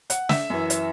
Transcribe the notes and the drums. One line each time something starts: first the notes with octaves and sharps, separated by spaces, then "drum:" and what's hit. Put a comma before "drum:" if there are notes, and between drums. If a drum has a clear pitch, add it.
F#5, drum: hi-hat
E5, drum: snare
F#2 E3
drum: hi-hat